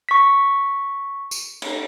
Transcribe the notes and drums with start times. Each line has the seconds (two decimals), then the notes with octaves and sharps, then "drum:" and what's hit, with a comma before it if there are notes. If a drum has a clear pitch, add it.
0.09 C#6 B6
1.31 drum: tambourine
1.62 drum: cymbal